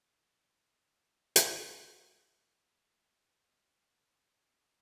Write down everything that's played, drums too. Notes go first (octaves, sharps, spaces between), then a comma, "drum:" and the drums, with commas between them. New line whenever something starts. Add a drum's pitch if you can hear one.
D#4 B6
D4
B3 D7
drum: hi-hat
A#3 F7
B3 F#6
D4 D#6
B3 F6
G#3 D6
G#3
F#3 D#6